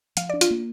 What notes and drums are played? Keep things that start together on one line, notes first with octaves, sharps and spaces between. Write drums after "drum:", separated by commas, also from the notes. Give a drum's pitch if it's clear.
F3 F5, drum: hi-hat
D4 D5
F4, drum: hi-hat
A#3